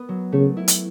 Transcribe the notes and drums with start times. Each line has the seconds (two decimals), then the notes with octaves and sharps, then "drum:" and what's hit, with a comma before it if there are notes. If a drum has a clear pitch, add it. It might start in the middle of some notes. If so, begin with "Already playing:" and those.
Already playing: B3
0.09 F#3
0.32 C#3 A3
0.57 E4
0.68 drum: hi-hat